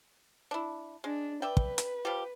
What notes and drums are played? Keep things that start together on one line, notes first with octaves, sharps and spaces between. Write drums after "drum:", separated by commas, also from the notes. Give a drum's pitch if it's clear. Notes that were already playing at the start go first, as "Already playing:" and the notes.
D4 E4
G#3 D4
B4 D5 E5 G5
drum: kick
drum: hi-hat
F3 G3 G4